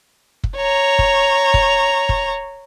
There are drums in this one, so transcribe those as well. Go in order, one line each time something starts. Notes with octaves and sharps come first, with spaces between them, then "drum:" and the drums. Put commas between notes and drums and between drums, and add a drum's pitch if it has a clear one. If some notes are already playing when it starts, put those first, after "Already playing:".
drum: kick
C#5 A#5
drum: kick
drum: kick
drum: kick